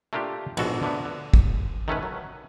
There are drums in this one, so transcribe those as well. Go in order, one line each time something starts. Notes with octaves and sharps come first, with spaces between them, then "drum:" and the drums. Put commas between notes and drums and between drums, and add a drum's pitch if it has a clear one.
A3 A#3 D4 F4 G4
A#1 G#2 B2 F#4 A4, drum: cymbal
D3 A3 B3
D3
drum: kick
D#3 A3 C#4 B4
F#3